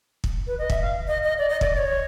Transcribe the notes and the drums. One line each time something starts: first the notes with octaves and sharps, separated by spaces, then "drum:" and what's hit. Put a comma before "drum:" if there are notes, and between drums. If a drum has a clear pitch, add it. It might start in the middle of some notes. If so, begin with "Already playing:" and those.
drum: kick
B4
D#5
E5, drum: kick
F5
D#5
D#5
D5
D#5
D5, drum: kick
D5
C#5